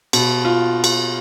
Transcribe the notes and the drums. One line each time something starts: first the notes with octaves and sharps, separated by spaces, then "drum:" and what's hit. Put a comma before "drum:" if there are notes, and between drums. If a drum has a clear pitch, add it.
B2, drum: cymbal
F4
drum: cymbal